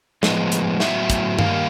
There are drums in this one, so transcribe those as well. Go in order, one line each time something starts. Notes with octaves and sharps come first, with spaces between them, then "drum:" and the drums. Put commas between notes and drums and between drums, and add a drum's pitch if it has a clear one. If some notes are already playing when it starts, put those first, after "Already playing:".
A2 F3 G#3 B3 D#5, drum: snare
drum: hi-hat
A2 F#3 B3 E5, drum: snare
drum: kick, hi-hat
D#3 G3 A#3 F5, drum: tom G2